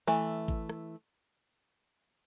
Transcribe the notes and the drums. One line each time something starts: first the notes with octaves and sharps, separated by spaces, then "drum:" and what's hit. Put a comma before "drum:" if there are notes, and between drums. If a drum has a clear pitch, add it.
E3 A3
drum: kick G#1
drum: rim click